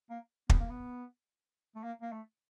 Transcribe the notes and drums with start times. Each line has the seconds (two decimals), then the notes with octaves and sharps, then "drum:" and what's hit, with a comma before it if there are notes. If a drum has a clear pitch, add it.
0.10 A#3
0.50 B3, drum: kick
0.59 A#3
0.70 B3
1.76 A3
1.84 A#3
2.02 A#3
2.12 A3